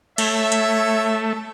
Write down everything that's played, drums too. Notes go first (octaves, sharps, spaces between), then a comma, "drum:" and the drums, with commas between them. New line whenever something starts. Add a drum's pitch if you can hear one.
A3 C#5 E5, drum: cymbal
drum: hi-hat